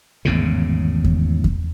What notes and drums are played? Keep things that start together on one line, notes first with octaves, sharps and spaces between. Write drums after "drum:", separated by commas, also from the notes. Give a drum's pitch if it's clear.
G#1 E2 A2 C#3
drum: kick E2
drum: kick E2